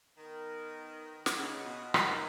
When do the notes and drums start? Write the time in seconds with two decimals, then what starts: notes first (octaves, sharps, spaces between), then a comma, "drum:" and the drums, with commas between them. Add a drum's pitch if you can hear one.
0.17 D#3 B3 D#4 A#4
1.26 drum: snare
1.36 C#3 F4 B4 D#5 F#5
1.65 B2
1.94 D#3, drum: rim click